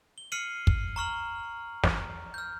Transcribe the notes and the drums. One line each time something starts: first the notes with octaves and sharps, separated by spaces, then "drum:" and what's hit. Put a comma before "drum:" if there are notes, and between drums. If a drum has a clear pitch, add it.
G7
F6 C7 C#7 D#7 F#7
drum: kick
A#5 C#6 F6 F#7
drum: snare
F6 G6